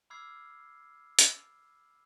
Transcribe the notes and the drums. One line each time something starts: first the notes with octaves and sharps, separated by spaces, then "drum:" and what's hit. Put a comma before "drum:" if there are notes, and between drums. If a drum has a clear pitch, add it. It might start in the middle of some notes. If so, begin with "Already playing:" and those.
B5 D6 E6 F6 G#6 C7
drum: hi-hat